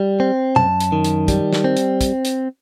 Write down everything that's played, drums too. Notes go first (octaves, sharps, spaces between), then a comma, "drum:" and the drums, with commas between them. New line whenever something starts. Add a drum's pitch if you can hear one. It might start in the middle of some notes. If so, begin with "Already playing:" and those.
Already playing: G3
C4
F#2 A5, drum: tom
drum: hi-hat
D#3
drum: hi-hat
G3, drum: kick, hi-hat
drum: snare
C4
drum: hi-hat
drum: kick, hi-hat
drum: hi-hat